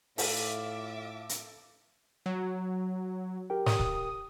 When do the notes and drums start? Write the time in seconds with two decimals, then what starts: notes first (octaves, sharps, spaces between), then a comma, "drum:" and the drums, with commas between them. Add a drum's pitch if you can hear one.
0.18 A2 F4 A4 E5 D6, drum: open hi-hat
1.29 drum: hi-hat
2.26 F#3
3.50 G4 A#4 G5
3.66 D#6, drum: snare
3.79 drum: kick C#1